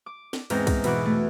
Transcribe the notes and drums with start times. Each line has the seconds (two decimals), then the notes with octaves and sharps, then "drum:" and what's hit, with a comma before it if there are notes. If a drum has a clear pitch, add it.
0.06 D6
0.33 drum: snare
0.50 E2 G#2 C4 A#5 G6, drum: cymbal
0.67 drum: kick C2, cymbal
0.84 B2 E3 F#4 D6, drum: cymbal
1.06 A3